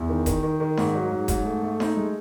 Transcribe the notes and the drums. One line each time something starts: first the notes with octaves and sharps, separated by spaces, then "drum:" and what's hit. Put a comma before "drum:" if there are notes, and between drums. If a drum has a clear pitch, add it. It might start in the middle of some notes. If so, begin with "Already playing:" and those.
Already playing: E2
D#3
D#3, drum: kick D#1, hi-hat
D#3
D#3
G#2, drum: snare D#4
F#3
G#2
G#2, drum: kick D#1, hi-hat
A3
A3
D#4, drum: snare D#4
G#3